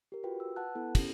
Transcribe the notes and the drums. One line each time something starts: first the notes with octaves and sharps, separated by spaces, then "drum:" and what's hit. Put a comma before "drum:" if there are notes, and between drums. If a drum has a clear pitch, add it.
G4 A#4
F4 F#4 B4 G5
E6
B4 F#5 A5 F#6
B3 E4 A4
C#4 G4, drum: kick, cymbal